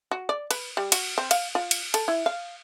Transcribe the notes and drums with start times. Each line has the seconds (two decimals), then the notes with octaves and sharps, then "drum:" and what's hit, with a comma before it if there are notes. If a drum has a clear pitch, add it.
0.11 F#4
0.29 D5
0.51 B4, drum: cymbal
0.77 G3
0.92 F#4, drum: cymbal
1.18 C4
1.31 F5, drum: cymbal
1.55 F4
1.71 drum: cymbal
1.94 A4, drum: cymbal
2.08 E4
2.26 F5